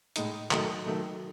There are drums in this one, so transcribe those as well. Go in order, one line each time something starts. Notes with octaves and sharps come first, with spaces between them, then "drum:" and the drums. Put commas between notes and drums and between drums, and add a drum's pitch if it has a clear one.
A2 G#3 D#4, drum: hi-hat
D#3 F#3 A3 D#4, drum: clap
D#3 F#3 A3 D#4